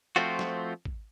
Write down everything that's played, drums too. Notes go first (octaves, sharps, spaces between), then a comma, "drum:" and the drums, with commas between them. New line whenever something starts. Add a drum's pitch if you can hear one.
F3 A3 C4 F4 F#4
drum: snare
drum: kick